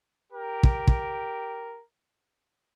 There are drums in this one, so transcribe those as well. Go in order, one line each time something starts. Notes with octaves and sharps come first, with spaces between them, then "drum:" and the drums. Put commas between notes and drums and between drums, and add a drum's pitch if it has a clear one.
G4 A#4
drum: kick
drum: kick